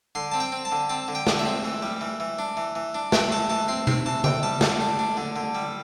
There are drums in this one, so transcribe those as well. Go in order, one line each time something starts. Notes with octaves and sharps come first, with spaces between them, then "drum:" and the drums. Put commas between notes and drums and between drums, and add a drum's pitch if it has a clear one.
D3 C6
C4 A5
G5
C4
A5
D3
C4 A5
D3
G5
D3, drum: snare
E5
C4
E3
G3
E3
E3
D4
E3
E3
D4
E3 G5, drum: snare
E3 A5
E3 A5
C4 C6
C4 C6, drum: tom B2
E3 A5
E3 G5, drum: tom C#3
G3 A5
D3, drum: snare
D4
D4
D3
D3
G3